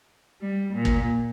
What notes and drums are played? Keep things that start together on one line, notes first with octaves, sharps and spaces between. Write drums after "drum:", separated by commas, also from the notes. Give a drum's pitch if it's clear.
G3
A#2
drum: kick